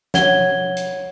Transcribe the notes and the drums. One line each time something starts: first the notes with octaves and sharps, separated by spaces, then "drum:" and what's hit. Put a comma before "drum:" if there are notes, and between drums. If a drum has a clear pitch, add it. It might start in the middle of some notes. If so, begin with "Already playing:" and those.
C#5 F#5 G#6 G7, drum: snare
drum: hi-hat